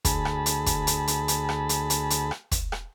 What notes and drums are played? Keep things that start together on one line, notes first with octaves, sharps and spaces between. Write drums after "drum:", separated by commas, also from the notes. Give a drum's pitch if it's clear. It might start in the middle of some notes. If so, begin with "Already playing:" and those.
D2 G#4 A5 B5, drum: kick, hi-hat
drum: rim click
drum: hi-hat
drum: kick, hi-hat
drum: hi-hat
drum: hi-hat
drum: hi-hat
drum: rim click
drum: hi-hat
drum: hi-hat
drum: hi-hat
drum: rim click
drum: kick, hi-hat
drum: rim click